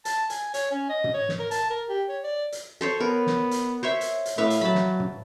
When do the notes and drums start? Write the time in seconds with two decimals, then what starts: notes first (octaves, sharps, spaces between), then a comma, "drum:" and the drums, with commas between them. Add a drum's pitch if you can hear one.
0.05 A5, drum: hi-hat
0.30 G#5, drum: hi-hat
0.54 C#5, drum: hi-hat
0.71 C#4
0.89 D#5
1.04 drum: tom
1.14 C#5
1.29 drum: snare
1.39 A#4
1.51 A5, drum: hi-hat
1.70 A#4
1.89 G4
2.09 C#5
2.24 D5
2.52 drum: hi-hat
2.81 A4 C5 C#5
3.00 B3 A#4
3.27 drum: snare
3.51 drum: hi-hat
3.83 C5 C#5 E5
4.01 drum: hi-hat
4.26 drum: hi-hat
4.38 A2 B4 E5 F5
4.50 drum: hi-hat
4.61 F#3 A5 B5
4.75 drum: snare
5.00 drum: tom